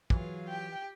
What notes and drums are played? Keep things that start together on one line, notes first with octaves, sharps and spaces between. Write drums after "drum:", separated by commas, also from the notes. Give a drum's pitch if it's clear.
E3 F#3 F4 G#4 F5, drum: kick
G4 G5